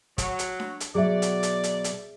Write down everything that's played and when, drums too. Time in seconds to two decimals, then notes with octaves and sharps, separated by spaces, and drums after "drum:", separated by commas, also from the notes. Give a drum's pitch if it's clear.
0.18 F#3, drum: kick, hi-hat
0.39 drum: hi-hat
0.60 drum: snare D4
0.80 drum: hi-hat
0.95 B2 F#3 G#4 D5 E5
1.22 drum: hi-hat
1.43 drum: hi-hat
1.64 drum: hi-hat
1.84 drum: hi-hat